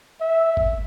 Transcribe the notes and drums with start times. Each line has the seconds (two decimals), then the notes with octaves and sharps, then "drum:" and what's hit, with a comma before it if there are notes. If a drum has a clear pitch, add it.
0.20 E5
0.57 drum: kick